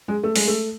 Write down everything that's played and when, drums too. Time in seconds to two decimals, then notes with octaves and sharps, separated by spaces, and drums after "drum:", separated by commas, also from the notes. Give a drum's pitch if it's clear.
0.08 G#3
0.23 A3
0.36 G#3, drum: open hi-hat
0.47 A3